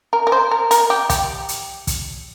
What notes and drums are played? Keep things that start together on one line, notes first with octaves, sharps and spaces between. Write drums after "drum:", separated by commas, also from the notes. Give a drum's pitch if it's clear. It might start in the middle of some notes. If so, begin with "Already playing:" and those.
A#4
A#4
C5
A#4
A#4, drum: hi-hat
G4
G4, drum: kick, hi-hat
drum: hi-hat
drum: kick, hi-hat